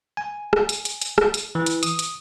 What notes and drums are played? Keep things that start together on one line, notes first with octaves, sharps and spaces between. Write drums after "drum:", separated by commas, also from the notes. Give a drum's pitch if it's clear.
G#5
drum: rim click
drum: hi-hat
drum: hi-hat
drum: hi-hat
drum: rim click
drum: hi-hat
E3
drum: hi-hat
D#6, drum: hi-hat
drum: hi-hat